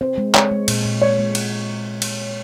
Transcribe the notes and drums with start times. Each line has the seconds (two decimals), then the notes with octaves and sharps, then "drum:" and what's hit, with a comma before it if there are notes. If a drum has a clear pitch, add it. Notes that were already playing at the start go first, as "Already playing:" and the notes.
0.01 C4 C5
0.18 G#3
0.35 G#3 C#5, drum: clap
0.51 G#3
0.68 A#2, drum: cymbal
0.85 A#2
1.01 G#3 C#5
1.19 G#3
1.35 drum: cymbal
2.02 drum: cymbal